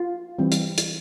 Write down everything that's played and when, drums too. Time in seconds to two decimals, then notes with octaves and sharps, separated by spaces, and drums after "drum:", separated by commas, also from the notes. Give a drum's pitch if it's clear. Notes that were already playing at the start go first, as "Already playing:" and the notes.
Already playing: F4
0.39 E3 G3 C4
0.52 drum: hi-hat
0.78 drum: hi-hat